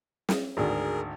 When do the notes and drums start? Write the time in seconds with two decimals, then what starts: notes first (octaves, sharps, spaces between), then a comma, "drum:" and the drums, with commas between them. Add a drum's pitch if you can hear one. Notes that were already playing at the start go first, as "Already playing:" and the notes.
0.29 drum: snare
0.57 G#1 D2 G#4 A#4